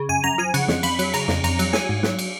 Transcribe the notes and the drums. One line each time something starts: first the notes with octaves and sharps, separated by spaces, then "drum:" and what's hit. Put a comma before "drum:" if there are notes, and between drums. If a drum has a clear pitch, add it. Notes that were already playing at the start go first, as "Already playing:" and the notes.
Already playing: C#3
F#2 G#5
F#2 A#5
F3 G#5
C#3 F#5, drum: cymbal
F2, drum: snare
F2 B5, drum: cymbal
F#3, drum: cymbal
C#3 A#5, drum: cymbal
F2, drum: snare
F2 A#5, drum: cymbal
F#3, drum: cymbal
F#3 G#5, drum: snare
G#2
F#3, drum: snare
drum: cymbal